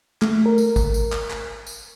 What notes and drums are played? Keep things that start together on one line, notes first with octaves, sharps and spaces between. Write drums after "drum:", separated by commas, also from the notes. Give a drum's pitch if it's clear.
A3, drum: clap
A#4
drum: tambourine
drum: kick G#1, tambourine
drum: tambourine
drum: clap
drum: clap
drum: tambourine